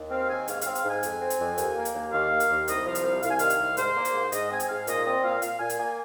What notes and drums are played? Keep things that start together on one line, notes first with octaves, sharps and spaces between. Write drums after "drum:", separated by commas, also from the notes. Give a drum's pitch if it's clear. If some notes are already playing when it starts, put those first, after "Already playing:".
Already playing: D#2
C4 F5
D#2 G#5
G#2 F5, drum: hi-hat
C4 F5, drum: hi-hat
F5, drum: hi-hat
G#2 G#5
F2, drum: hi-hat
C4
drum: hi-hat
F2
D#2, drum: hi-hat
A#3
drum: hi-hat
D#2
D#2 F5
A#3
drum: hi-hat
D#2
C2 D#5, drum: hi-hat
F3 F5
drum: hi-hat
C2 F5
C2 F5, drum: hi-hat
G#5
D#3 F5, drum: hi-hat
drum: hi-hat
C2
G#2 C5, drum: hi-hat
A#3
drum: hi-hat
G#2
G#2 D#5, drum: hi-hat
C4 G#5
drum: hi-hat
G#2 F5
A#2 D#5, drum: hi-hat
C4 D#5
A#2 F5
A#2 F5, drum: hi-hat
A#2 G#5
drum: hi-hat
A#3 G#5
G#5